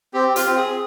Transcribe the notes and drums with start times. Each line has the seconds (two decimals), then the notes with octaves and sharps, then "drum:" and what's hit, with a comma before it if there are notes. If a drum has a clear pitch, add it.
0.14 C4 G4
0.36 F4, drum: hi-hat
0.47 C4
0.57 G#4